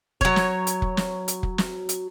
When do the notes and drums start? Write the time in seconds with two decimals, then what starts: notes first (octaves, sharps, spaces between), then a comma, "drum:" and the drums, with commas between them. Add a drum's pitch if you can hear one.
0.21 F#3 C#5, drum: kick
0.36 drum: snare
0.67 drum: hi-hat
0.82 drum: kick
0.97 drum: snare
1.28 drum: hi-hat
1.43 drum: kick
1.58 drum: snare
1.89 drum: hi-hat